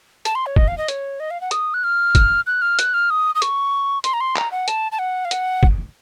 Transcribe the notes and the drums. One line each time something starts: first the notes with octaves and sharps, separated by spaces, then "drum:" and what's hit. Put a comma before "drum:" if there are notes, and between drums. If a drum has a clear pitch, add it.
A5, drum: hi-hat
C6
C#5
D#5, drum: kick
F5
D#5
C#5, drum: hi-hat
D#5
F5
F#5
D#6, drum: hi-hat
F#6
F6
drum: kick, hi-hat
F#6
F6
F#6, drum: hi-hat
F6
D#6
D#6
C#6, drum: hi-hat
C6, drum: hi-hat
A#5
C6
A#5, drum: clap
F#5
A5, drum: hi-hat
A5
F#5
F5
F#5, drum: hi-hat
drum: kick